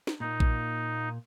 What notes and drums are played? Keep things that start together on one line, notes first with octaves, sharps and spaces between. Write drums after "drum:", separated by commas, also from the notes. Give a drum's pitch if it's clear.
drum: snare
A#2 A#3 D#4
drum: kick A#1